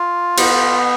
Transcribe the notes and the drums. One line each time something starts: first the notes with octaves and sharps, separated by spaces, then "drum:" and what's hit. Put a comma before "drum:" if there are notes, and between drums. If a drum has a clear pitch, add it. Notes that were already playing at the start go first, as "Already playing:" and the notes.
Already playing: F4
B3, drum: cymbal